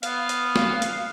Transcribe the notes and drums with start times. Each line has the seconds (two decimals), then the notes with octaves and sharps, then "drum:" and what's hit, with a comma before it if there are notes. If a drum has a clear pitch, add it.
0.03 B3 F5, drum: hi-hat
0.29 drum: hi-hat
0.56 drum: snare
0.82 drum: hi-hat